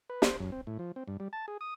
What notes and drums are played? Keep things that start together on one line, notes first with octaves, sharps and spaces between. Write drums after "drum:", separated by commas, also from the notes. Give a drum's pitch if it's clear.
B4
C5, drum: snare
F#2
C4
A2
F3
C4
G2
G3
A5
G#4
D#6